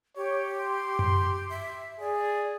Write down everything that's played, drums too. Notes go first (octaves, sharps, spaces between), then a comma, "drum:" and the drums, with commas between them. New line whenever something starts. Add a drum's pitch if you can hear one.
G4 C#5
C6
drum: tom F#2
E5
G#4 D5